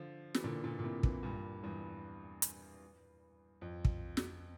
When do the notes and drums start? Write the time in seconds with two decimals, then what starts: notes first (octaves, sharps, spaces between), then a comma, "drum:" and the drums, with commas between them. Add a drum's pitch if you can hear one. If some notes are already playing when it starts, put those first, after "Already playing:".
Already playing: D3 F3
0.34 E3, drum: snare
0.44 A#2 D3
0.64 A#2 D3
0.79 A#2
0.84 A2 C3
1.03 C3 E3, drum: kick
1.23 G2 A#2
1.63 E2 G2
2.42 drum: hi-hat
3.62 F2
3.85 drum: kick
4.17 drum: snare